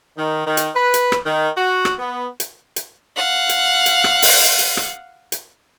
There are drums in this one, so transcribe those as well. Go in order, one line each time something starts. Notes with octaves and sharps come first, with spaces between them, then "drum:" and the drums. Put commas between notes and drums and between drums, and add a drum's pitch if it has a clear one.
D#3
D#3
drum: hi-hat
B4
drum: hi-hat
drum: rim click
D#3
F#4
drum: rim click
B3
drum: hi-hat
drum: hi-hat
F5 F#5
drum: hi-hat
drum: hi-hat
drum: rim click
drum: open hi-hat
drum: hi-hat
drum: rim click
drum: hi-hat